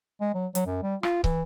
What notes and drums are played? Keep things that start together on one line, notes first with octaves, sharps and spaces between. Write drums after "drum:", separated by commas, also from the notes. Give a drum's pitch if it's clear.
G#3
F#3
F#3, drum: hi-hat
F#2
G3
F4, drum: rim click
E3, drum: kick